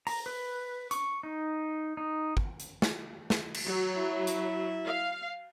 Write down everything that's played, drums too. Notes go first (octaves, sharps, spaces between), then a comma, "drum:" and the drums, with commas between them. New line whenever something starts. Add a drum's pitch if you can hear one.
A#5, drum: open hi-hat
B4
C#6, drum: hi-hat
D#4
D#4
drum: kick
drum: hi-hat
drum: snare
drum: snare
drum: cymbal
F#3
E4 E5
drum: hi-hat
F5